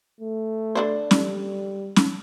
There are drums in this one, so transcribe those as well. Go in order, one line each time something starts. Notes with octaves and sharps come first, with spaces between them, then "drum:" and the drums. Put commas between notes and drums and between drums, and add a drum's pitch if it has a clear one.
A3
D3 D4 C5
G3, drum: snare C#4
drum: snare C#4